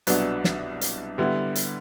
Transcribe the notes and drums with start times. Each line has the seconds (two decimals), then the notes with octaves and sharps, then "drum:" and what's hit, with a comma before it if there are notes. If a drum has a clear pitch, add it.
0.07 C2 B2 F#3 B3 D4, drum: hi-hat
0.44 drum: snare
0.81 drum: hi-hat
1.18 D3 G3 B3 E4
1.55 drum: hi-hat